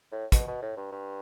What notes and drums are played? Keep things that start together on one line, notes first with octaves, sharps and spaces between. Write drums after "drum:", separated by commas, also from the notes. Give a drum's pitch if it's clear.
A2
B2, drum: kick, hi-hat
B2
A2
G2
G2